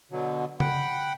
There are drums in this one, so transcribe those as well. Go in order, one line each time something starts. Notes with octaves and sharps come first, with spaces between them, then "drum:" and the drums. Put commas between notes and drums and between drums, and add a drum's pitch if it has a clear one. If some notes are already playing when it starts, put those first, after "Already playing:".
B2 D3 F#3
F#5 G5 B5, drum: tom C#3